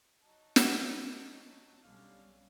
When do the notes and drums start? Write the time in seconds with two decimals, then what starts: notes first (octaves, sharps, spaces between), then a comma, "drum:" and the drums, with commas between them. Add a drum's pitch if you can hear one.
0.23 F#3 D#4 A5
0.56 drum: snare
1.83 B1 D3 G3 C#4 F5